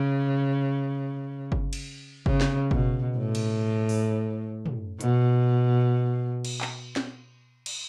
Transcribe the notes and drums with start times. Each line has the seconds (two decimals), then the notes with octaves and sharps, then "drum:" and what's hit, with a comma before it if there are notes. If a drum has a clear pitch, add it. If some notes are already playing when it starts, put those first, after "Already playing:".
Already playing: C#3
1.52 drum: kick G1
1.73 drum: cymbal
2.26 C#3, drum: kick G1
2.41 drum: snare
2.71 B2, drum: kick G1
3.18 A2
3.35 drum: cymbal
3.89 drum: open hi-hat
4.66 drum: tom
5.01 B2, drum: hi-hat
6.45 drum: cymbal
6.61 drum: clap
6.96 drum: snare
7.66 drum: cymbal